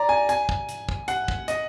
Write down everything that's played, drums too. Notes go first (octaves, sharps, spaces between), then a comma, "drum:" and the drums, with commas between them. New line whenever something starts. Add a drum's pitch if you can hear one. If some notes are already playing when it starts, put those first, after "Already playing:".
Already playing: D5 A#5
G#5
G#5, drum: hi-hat
drum: kick
drum: hi-hat
drum: kick
F#5, drum: hi-hat
drum: kick
D#5, drum: hi-hat